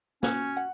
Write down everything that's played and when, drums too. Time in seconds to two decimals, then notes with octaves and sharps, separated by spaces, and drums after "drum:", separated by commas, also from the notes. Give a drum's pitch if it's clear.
0.23 C#4 F#4, drum: snare
0.57 F#5